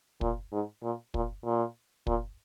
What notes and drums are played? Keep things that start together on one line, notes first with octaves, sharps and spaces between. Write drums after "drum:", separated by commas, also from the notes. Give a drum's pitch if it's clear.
A#2, drum: kick
G#2
A#2
A#2, drum: kick
A#2
A#2, drum: kick